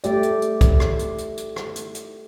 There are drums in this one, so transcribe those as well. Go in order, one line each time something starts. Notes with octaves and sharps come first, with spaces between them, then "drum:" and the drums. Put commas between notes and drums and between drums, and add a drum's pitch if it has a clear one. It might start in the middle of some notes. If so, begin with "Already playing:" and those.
A3 G4 D5, drum: hi-hat
drum: hi-hat
drum: hi-hat
drum: kick, hi-hat
drum: rim click
drum: hi-hat
drum: hi-hat
drum: hi-hat
drum: rim click
drum: hi-hat
drum: hi-hat